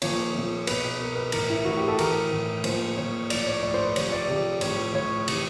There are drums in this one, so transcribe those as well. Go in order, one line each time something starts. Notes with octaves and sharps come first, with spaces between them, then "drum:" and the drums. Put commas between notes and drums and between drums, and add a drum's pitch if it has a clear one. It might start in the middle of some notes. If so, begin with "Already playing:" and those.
A#2 F3 C#5, drum: cymbal
A#2 F3
B2 B4, drum: cymbal
B2 A#4
B4
A2 E3 A#4, drum: cymbal
E4
A2 E3 F#4
G4
A4
A2 E3 A#4, drum: cymbal
A2 E3
A#2 F3 C5, drum: cymbal
A#2 F3 C#5
A2 F3 D5, drum: cymbal
C#5
A2 F3 D5
C5
B4
C3 F3 C#5, drum: cymbal
D5
C3 F3
A2 F3 C#5, drum: cymbal
A2 F3 C#5
C3 E3, drum: cymbal